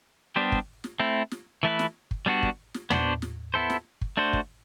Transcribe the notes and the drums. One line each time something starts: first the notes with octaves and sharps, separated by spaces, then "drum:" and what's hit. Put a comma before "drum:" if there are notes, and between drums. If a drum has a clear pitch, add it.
G3 B3 D4 G4 C5
drum: kick
drum: snare
A3 C4 E4
drum: snare
E3 A3 E4 B4
drum: snare
drum: kick
G3 B3 D4 F#4
drum: kick
drum: snare
B3 D4 F#4 C5, drum: tom
drum: snare
B3 E4 A4 C5
drum: snare
drum: kick
A3 D4 F#4 C5
drum: kick